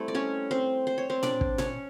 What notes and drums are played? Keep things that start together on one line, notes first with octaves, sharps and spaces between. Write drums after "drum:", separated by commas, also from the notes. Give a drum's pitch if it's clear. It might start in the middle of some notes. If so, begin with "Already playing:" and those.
Already playing: G3 A3 C4 E4 A4
D5
C#4 C#5
C4 C5
C5
C#5
C4 C5
D4 D5, drum: tom A#2
drum: kick
C#4 C#5, drum: tom A#2